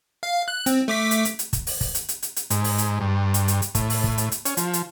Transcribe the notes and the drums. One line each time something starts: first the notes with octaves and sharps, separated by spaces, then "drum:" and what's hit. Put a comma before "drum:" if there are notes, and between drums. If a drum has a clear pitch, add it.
F5
F#6
C4, drum: hi-hat
A3 D6 B6
drum: hi-hat
drum: hi-hat
drum: hi-hat
drum: kick, hi-hat
drum: open hi-hat
drum: kick, open hi-hat
drum: hi-hat
drum: hi-hat
drum: hi-hat
drum: hi-hat
G#2, drum: hi-hat
drum: open hi-hat
drum: hi-hat
G2
drum: hi-hat
drum: hi-hat
drum: hi-hat
A2, drum: kick, hi-hat
drum: open hi-hat
drum: kick
drum: hi-hat
drum: hi-hat
C#4, drum: hi-hat
F3, drum: hi-hat
drum: hi-hat